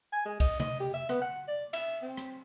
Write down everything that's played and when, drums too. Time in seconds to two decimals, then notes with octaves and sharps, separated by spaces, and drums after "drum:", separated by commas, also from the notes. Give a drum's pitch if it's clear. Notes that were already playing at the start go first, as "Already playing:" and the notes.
0.12 G#5
0.25 G#3
0.40 D#5, drum: kick B1, cymbal
0.60 D#5, drum: tom C3
0.80 G4
0.93 E5
1.09 B3, drum: rim click
1.22 F#5
1.48 D5
1.73 E5, drum: cymbal
2.02 C4
2.17 drum: rim click